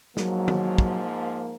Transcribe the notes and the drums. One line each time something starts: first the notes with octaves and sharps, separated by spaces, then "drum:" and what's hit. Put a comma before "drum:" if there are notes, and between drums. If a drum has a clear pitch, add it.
G#2 F3 F#3 A#3, drum: snare
drum: tom
drum: kick